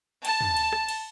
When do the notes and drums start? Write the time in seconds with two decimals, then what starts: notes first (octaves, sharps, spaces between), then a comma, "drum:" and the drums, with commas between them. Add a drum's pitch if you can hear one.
0.25 A5, drum: cymbal
0.41 drum: tom
0.57 drum: cymbal
0.73 drum: rim click
0.89 drum: cymbal